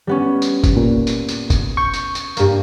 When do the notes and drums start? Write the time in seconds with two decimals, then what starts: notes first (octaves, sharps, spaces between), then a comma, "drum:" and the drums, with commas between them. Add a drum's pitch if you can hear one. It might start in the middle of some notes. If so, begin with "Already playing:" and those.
0.07 G3 B3 C#4
0.42 drum: tambourine
0.64 drum: kick, tambourine
0.77 A#2
1.07 drum: tambourine
1.29 drum: tambourine
1.50 drum: kick, tambourine
1.77 C#6 G6
1.93 drum: tambourine
2.15 drum: tambourine
2.37 G2 A#3, drum: tambourine